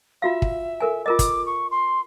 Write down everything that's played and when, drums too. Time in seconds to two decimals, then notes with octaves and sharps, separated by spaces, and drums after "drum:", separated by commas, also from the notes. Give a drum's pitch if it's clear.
0.22 F4 F#4 E5 F5
0.42 drum: kick
0.80 A4 A#4 G#5
1.06 F4 A#4 D#5 D6
1.19 drum: kick, hi-hat
1.46 C#6
1.71 C6